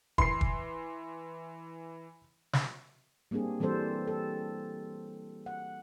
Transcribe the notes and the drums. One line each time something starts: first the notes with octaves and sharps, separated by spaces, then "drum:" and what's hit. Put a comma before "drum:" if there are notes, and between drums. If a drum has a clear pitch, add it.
E3 C6 C7, drum: kick
drum: kick
drum: snare
G3 A#3 C4 D4 G#4
E3 G3 C4 A4 C5
A4
F#5